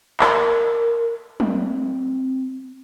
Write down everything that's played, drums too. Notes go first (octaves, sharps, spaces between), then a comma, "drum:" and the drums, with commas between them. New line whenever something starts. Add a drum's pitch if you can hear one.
A#4, drum: clap
C4, drum: tom F#3